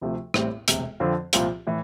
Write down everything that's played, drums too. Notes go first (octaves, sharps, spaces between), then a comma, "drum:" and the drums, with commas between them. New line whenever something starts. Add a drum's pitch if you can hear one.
D2 C3 F3 A3
A1 A2 G3 C4, drum: rim click
E1 D2 C3, drum: hi-hat
F2 D3 F3 C4 F4
C2 A#2 F3 C4 F4, drum: hi-hat
A2 E3